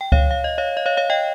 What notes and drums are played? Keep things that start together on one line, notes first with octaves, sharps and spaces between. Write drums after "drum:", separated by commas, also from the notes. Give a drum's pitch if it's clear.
G5
C#5 F5, drum: kick C#2
F5
D#5
C#5 F5
D#5
C#5 F5
C#5 F5
D#5 G5